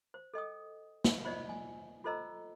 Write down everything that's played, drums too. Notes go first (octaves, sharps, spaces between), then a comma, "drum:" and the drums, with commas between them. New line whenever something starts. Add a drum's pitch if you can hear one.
C5
A4 D#5 G5 D#6
drum: snare
F4 C5 D5 D#5
G#5
F4 A4 C5 D#5 A#5 E6